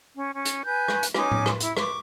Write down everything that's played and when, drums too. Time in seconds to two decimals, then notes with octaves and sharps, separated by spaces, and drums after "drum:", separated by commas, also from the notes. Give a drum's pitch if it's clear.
0.15 C#4
0.35 C#4
0.45 drum: hi-hat
0.66 B4 G#5 G6
0.88 drum: rim click
1.03 drum: hi-hat
1.14 C#4 D#4 G#5 D6, drum: rim click
1.31 drum: tom A2
1.46 drum: rim click
1.60 E4, drum: hi-hat
1.77 C#6 D6, drum: rim click